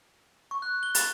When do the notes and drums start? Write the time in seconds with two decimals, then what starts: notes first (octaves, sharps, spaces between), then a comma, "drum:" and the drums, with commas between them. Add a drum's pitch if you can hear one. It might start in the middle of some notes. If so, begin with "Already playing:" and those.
0.51 C#6
0.62 F#6
0.83 G7
0.95 A6, drum: hi-hat